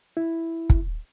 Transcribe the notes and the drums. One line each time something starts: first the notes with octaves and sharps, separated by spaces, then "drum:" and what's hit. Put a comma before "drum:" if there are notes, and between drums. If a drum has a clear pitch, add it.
E4
drum: kick